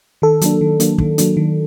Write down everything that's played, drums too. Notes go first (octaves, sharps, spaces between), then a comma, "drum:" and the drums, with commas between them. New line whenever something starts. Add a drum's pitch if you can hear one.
D#3 A4
F#3 A#3 D4, drum: hi-hat
D#3
F#3 A#3 D4, drum: hi-hat
D#3, drum: kick
F#3 A#3 D4, drum: hi-hat
D#3